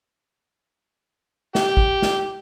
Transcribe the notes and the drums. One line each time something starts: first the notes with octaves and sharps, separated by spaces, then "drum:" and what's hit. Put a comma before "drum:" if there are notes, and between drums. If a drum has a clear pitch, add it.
G4, drum: snare
drum: kick A1
drum: snare